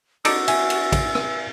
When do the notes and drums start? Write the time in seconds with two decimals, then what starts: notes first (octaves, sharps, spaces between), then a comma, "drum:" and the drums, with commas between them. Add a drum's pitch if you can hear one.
0.25 D#4 F#4 A4 D5 E6, drum: cymbal
0.48 E5 G#5, drum: cymbal
0.70 drum: cymbal
0.92 drum: kick, cymbal
1.15 drum: rim click